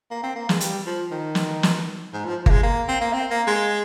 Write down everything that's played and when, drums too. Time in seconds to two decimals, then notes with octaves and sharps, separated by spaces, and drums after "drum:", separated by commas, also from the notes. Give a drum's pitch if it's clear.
0.11 A#3
0.23 C4
0.36 A#3
0.49 G#3, drum: snare
0.60 G3, drum: hi-hat
0.86 F3
1.11 D#3
1.35 drum: snare
1.63 drum: snare
2.13 G#2
2.25 F3
2.46 A#3, drum: kick G1
2.51 G#3
2.63 A#3
2.88 C4
3.01 A#3
3.13 C4
3.30 A#3
3.47 G#3